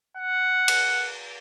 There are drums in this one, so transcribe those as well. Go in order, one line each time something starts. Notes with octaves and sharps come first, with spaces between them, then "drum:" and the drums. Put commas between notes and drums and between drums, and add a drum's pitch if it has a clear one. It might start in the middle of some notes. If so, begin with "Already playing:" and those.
F#5
drum: cymbal